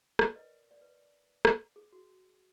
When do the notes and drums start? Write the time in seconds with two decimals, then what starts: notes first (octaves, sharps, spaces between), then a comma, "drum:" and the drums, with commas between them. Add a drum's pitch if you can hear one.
0.19 A#4 D5, drum: rim click
0.35 B4 D#5
0.71 D5
0.81 B4
1.45 drum: rim click
1.76 G#4
1.92 F#4